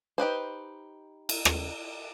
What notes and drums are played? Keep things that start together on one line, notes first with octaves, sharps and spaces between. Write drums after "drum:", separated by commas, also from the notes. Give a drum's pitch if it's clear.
D#4 G4 B4 C5
drum: cymbal
drum: rim click